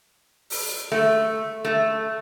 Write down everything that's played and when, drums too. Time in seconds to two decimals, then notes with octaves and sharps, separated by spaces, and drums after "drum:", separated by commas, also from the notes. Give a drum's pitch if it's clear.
0.50 drum: open hi-hat
0.92 A3
1.65 A3